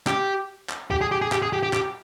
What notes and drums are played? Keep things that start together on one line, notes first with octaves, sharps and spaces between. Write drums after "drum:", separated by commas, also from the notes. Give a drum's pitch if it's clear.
G4, drum: clap
drum: clap
G4, drum: kick
G#4
G4
G#4
G4, drum: clap
G#4
G4
G4
G4, drum: clap